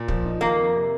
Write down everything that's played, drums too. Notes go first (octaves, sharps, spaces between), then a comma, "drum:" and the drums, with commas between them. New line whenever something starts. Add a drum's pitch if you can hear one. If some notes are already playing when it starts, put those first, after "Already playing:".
Already playing: A#2
F3, drum: kick
D#4
D#3 A#3
F2
C3